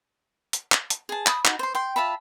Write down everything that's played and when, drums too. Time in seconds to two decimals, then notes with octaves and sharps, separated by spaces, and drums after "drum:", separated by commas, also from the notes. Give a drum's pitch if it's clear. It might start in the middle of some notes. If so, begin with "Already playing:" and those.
0.53 drum: hi-hat
0.72 drum: clap
0.90 drum: hi-hat
1.09 G#4 A5
1.26 B5 D#6, drum: clap
1.45 D#4 F#4, drum: clap
1.59 C5 C6
1.75 G5 C6
1.96 F4 E5 A5 B5